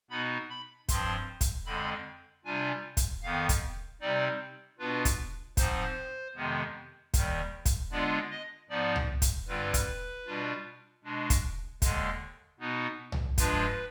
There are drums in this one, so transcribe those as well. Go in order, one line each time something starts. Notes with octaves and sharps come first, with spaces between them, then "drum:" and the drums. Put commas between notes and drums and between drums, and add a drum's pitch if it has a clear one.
B2 B3 D#4 B5
B5
G2 F3 C4 C6, drum: kick, hi-hat
drum: kick, hi-hat
F2 D3 G#3 C4 B5
C3 G3 D4 F4 G#5
drum: kick, hi-hat
F2 D#3 B3 F5
drum: kick, hi-hat
C3 G3 C4 D#4 D5
B2 B3 D4 F4 B4
drum: kick, hi-hat
G#2 F3 C4 D#4 C5, drum: kick, hi-hat
F2 C3 D#3 G#3 B3
D#2 D#3 G3, drum: kick, hi-hat
drum: kick, hi-hat
D3 G#3 B3 D4 F4 D5
D#5
G#2 F3 B3 D#4 D5
drum: tom C2
drum: kick, hi-hat
G2 D3 G3 C4 F4 B4
drum: kick, hi-hat
B2 G3 D4 F4
B2 G#3 D4
drum: kick, hi-hat
D#2 D3 G#3, drum: kick, hi-hat
B2 B3 D#4
drum: tom C2
G2 F3 G#3 D4 F4 B4, drum: kick, hi-hat